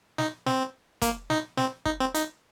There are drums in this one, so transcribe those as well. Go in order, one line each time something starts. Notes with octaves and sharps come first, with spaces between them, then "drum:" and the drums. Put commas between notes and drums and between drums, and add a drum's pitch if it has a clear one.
D#4, drum: snare
C4, drum: snare
A#3, drum: kick, hi-hat
D#4, drum: snare
C4, drum: snare
D#4, drum: kick
C4
D#4, drum: hi-hat